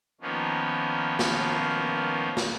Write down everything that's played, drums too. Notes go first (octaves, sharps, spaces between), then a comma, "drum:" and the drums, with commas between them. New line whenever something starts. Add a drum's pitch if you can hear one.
D#3 F3 A#3 B3 C#4
drum: snare
drum: snare